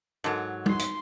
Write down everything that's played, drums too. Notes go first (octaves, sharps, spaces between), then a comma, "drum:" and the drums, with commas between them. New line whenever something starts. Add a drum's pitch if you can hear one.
G#2 F#3 A4 A#4 A5
D#4 F#4 C6, drum: tom G3
drum: hi-hat